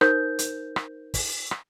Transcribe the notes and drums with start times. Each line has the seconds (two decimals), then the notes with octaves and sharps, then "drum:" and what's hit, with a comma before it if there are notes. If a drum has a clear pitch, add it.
0.01 D#4 A#4 C5 G6, drum: rim click
0.39 drum: hi-hat
0.76 drum: rim click
1.14 drum: kick, open hi-hat
1.51 drum: rim click